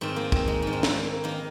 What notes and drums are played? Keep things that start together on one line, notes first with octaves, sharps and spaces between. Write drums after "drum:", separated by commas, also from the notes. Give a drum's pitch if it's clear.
G#2 D#3 C4
A#3
C4, drum: kick
G#3
G#2 D#3 G#3
C4
A#3, drum: snare
D#3 A#3